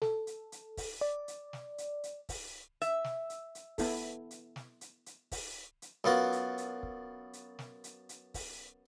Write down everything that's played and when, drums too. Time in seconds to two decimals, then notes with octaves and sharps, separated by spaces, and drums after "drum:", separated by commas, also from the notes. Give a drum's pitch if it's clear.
0.02 A4, drum: snare
0.27 drum: hi-hat
0.52 drum: hi-hat
0.77 drum: kick, open hi-hat
1.01 D5
1.28 drum: hi-hat
1.53 drum: snare
1.78 drum: hi-hat
2.04 drum: hi-hat
2.29 drum: kick, open hi-hat
2.82 E5, drum: hi-hat
3.04 drum: snare
3.30 drum: hi-hat
3.55 drum: hi-hat
3.78 B3 E4 A4, drum: kick, open hi-hat
4.31 drum: hi-hat
4.56 drum: snare
4.81 drum: hi-hat
5.06 drum: hi-hat
5.32 drum: kick, open hi-hat
5.82 drum: hi-hat
6.04 F#2 B3 F4 F#4, drum: snare
6.32 drum: hi-hat
6.58 drum: hi-hat
6.83 drum: kick
7.33 drum: hi-hat
7.59 drum: snare
7.84 drum: hi-hat
8.09 drum: hi-hat
8.34 drum: kick, open hi-hat